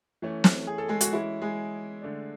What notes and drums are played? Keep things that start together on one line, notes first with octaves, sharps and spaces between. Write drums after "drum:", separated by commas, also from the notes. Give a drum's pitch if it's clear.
E3 A3 C#4
drum: snare
G#4
A4
G#3 G#4
F#4, drum: hi-hat
E3 G#3 C#4 E4
G#3 G#4
D3 A3 D4